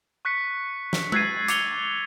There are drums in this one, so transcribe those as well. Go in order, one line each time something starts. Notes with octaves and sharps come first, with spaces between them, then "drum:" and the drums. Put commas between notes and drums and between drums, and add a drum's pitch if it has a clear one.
C#6 F#6 B6 C#7
drum: snare
E6 F#6 G#6 A6 C7 D#7, drum: tom G#3
D6 C7 C#7 F7 G7, drum: hi-hat